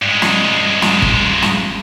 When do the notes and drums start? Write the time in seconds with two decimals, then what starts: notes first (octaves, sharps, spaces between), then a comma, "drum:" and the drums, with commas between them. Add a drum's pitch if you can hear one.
0.02 G2 G#3
0.22 drum: snare
0.82 drum: snare
1.02 drum: kick
1.42 drum: snare